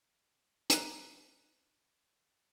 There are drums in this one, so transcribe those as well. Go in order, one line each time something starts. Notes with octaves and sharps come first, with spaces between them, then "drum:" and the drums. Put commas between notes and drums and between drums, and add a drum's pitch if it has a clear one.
A#5 F#6, drum: hi-hat